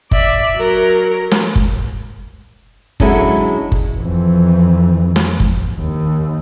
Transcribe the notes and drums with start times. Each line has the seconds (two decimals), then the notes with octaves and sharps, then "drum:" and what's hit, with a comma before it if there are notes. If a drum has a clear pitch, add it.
0.11 D5 E5, drum: kick F#1
0.56 F#3 A#4
1.31 drum: snare
1.55 drum: kick F#1
3.00 D3 F#3 G#3 C#4 E4 A4, drum: kick F#1
3.72 drum: kick F#1
4.00 F2 E3
5.16 drum: snare
5.40 drum: kick F#1
5.78 D#2